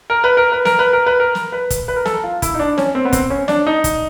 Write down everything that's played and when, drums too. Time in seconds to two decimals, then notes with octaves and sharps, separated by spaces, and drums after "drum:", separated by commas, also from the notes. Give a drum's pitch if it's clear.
0.10 A#4
0.24 B4
0.37 A#4
0.52 B4
0.65 A#4, drum: snare
0.79 B4
0.93 A#4
1.06 B4
1.20 A#4
1.35 drum: snare
1.52 B4
1.70 drum: kick, hi-hat
1.88 B4
1.96 A#4
2.05 A4, drum: snare
2.13 A#4
2.24 F4
2.42 E4, drum: kick, hi-hat
2.54 D#4
2.60 D4
2.78 C#4, drum: snare
2.95 C4
3.05 B3
3.13 C4, drum: kick, hi-hat
3.30 C#4
3.48 D4, drum: snare
3.67 D#4
3.84 drum: kick, hi-hat